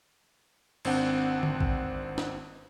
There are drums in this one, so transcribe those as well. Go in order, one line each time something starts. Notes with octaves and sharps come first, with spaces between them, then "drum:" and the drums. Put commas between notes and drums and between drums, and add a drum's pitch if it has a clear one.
G#1 C4 D4 F#5, drum: cymbal
drum: tom D3
drum: kick
drum: snare